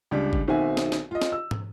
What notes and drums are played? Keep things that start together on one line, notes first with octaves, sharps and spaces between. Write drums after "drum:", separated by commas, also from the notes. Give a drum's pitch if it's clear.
C#2 G3 D4
drum: kick G1
B1 D#3 C4 F#4 E5 G#5
drum: snare
drum: snare
F4 D#5
drum: snare
E6
drum: tom